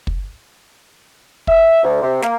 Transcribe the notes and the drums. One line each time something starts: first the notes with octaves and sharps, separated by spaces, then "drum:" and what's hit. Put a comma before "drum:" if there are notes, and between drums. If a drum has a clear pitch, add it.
drum: kick
E5, drum: kick
D2
C3
A#3, drum: snare